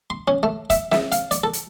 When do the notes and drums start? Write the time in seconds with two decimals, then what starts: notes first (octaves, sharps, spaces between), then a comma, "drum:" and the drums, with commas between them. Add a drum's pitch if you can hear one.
0.10 C6
0.28 C#4
0.43 A3
0.70 E5, drum: kick, hi-hat
0.92 E5, drum: snare
1.12 F5, drum: hi-hat
1.31 D5, drum: hi-hat
1.44 A4
1.53 drum: hi-hat